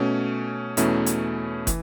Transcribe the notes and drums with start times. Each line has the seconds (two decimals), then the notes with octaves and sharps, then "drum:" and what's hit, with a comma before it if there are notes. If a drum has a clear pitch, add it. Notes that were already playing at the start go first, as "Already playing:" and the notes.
Already playing: B2 A3 C#4
0.77 E2 B2 A3 C#4 E4, drum: hi-hat
1.06 drum: hi-hat
1.67 E3, drum: kick, hi-hat